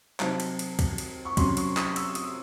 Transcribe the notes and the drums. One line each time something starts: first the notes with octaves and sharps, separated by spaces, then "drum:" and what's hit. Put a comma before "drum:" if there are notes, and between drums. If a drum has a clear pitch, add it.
C3 F#3 C4 D#4 A5, drum: clap
drum: cymbal
drum: cymbal
drum: kick C#2, cymbal
drum: cymbal
C#6
C3 F#3 C#4 C6, drum: kick C#2, cymbal
C#6, drum: cymbal
D#6, drum: clap
E6, drum: cymbal
D#6, drum: cymbal